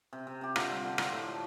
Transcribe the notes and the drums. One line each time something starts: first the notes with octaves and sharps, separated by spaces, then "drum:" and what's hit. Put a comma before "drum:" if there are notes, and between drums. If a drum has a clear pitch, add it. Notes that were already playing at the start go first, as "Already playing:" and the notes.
C3
C3
C3 G4
D3 F4, drum: rim click
G3
D3
F3, drum: rim click
A2
A3